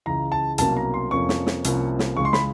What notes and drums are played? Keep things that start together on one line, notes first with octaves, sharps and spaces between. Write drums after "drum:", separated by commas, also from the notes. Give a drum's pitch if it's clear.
C#2 C#3 E3 A#5
A5
C2 B2 F#3 A#3 C#4 A5, drum: hi-hat
A#5
C6
F2 C3 F3 A#3 C#4 C#6
drum: snare
drum: snare
C2 C3 F3 A#3 C#4, drum: hi-hat
drum: snare
C#2 C#3 E3 G#3 C#6
C6
B5, drum: snare